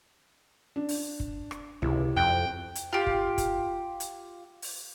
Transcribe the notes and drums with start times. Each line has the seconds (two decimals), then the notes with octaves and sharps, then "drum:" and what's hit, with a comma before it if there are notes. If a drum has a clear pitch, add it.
0.76 D4
0.89 drum: open hi-hat
1.20 drum: kick
1.51 drum: rim click
1.82 C#2 C3 E4
2.17 F2 G5 F#6
2.75 drum: hi-hat
2.93 F4 G4
3.07 drum: kick
3.38 drum: kick, hi-hat
4.00 drum: hi-hat
4.62 drum: open hi-hat